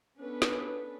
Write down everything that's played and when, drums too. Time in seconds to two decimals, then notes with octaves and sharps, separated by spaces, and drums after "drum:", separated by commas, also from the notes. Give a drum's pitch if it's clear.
0.19 B3 C#4 D4 A4 B4
0.42 drum: snare